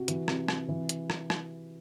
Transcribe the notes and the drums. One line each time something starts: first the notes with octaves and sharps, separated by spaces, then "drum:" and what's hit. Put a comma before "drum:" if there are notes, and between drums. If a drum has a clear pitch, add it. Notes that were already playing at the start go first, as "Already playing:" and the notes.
Already playing: C3 F#4
E3, drum: hi-hat
C3, drum: rim click
C3, drum: rim click
E3
drum: hi-hat
drum: rim click
drum: rim click